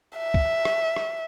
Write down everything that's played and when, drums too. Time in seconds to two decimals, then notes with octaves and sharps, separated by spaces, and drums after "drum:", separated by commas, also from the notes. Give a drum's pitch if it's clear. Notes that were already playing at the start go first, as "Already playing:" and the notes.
0.19 E5
0.34 drum: kick
0.65 drum: rim click
0.96 drum: rim click